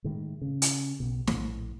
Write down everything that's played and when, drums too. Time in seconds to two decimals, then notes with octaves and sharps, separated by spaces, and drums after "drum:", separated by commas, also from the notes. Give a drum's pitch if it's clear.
0.04 A2 D#3 G#3
0.42 C#3
0.62 drum: hi-hat
1.00 B1 B2
1.27 A#1 A2, drum: snare